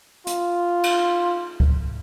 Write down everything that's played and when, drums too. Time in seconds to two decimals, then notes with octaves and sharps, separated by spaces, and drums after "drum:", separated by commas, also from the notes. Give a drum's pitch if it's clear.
0.27 F4, drum: hi-hat
0.83 drum: cymbal
1.60 drum: kick C#2